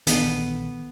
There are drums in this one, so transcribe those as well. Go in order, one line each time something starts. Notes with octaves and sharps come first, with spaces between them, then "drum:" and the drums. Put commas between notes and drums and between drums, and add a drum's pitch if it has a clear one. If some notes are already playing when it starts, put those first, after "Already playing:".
A#1 D#3 E3 B3 A4 B4, drum: hi-hat